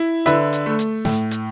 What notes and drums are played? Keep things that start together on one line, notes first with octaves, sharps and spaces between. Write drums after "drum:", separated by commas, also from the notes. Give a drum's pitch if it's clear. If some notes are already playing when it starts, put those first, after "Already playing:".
Already playing: E4
D3 B4 E5, drum: hi-hat
drum: hi-hat
A3
drum: hi-hat
A2, drum: snare
drum: hi-hat